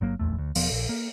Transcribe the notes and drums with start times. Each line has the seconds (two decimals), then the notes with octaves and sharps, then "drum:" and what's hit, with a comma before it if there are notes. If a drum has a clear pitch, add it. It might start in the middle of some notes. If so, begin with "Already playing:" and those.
0.01 G1 F#3 A#3
0.19 D#1 A#1 E2 A3
0.38 D2
0.55 E1 F3 B3, drum: open hi-hat
0.71 A#1
0.89 A#3